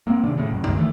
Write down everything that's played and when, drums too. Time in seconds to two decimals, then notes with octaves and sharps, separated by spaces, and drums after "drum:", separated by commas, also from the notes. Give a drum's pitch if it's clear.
0.07 A#3 C4
0.23 C3 D#3 D4
0.37 A2 C#3
0.51 F1 F#2
0.64 C#2 D#3, drum: tom F#2
0.76 D#3 E3 G#3 A3